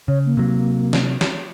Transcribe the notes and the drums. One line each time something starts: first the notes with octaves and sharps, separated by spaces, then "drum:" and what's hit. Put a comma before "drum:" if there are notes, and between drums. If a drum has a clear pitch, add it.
C#3 C#5
A#3
C3 F#3
drum: snare
drum: snare